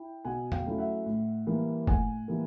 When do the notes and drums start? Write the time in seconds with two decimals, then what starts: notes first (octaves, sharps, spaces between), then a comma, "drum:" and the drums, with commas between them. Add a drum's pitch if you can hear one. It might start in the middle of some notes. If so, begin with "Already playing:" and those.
Already playing: E4 G5
0.25 B2 F#5 G#5
0.52 F5 G5, drum: tom E2
0.65 F#3 A3 C#4 E4
0.78 E5 F#5
1.06 A2
1.47 E3 G3 A#3
1.87 A2 F#5 G#5, drum: kick
2.28 E3 G3 A#3